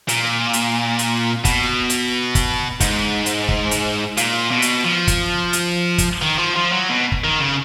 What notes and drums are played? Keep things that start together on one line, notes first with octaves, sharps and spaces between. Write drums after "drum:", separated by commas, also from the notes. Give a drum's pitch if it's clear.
A#2, drum: hi-hat
drum: hi-hat
drum: hi-hat
B2, drum: kick, hi-hat
drum: hi-hat
drum: kick, hi-hat
G#2, drum: kick, hi-hat
drum: hi-hat
drum: kick
drum: hi-hat
A#2, drum: hi-hat
B2
drum: hi-hat
F3
drum: kick, hi-hat
drum: hi-hat
drum: kick, hi-hat
D#3
F3
F3
F#3
B2
drum: kick
D#3
C#3